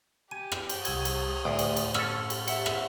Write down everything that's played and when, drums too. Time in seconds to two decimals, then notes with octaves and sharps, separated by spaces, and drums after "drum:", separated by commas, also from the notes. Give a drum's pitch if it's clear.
0.31 G4 G#5 D#7
0.52 drum: rim click
0.69 drum: cymbal
0.85 C2 D#6 E6 G#6, drum: cymbal
1.05 drum: cymbal
1.45 D2 A2 G5
1.59 drum: cymbal
1.77 drum: cymbal
1.94 C#4 A4 E6, drum: rim click
2.30 drum: cymbal
2.48 E5 F#5, drum: cymbal
2.66 drum: rim click